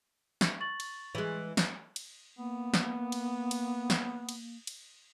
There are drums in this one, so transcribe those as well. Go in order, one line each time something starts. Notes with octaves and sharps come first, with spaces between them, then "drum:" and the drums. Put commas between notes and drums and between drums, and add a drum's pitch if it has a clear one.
drum: snare
C#6 A6 F#7
drum: cymbal
E3 G#3
drum: snare
drum: cymbal
A#3 B3
drum: snare
drum: cymbal
drum: cymbal
drum: snare
drum: cymbal
drum: cymbal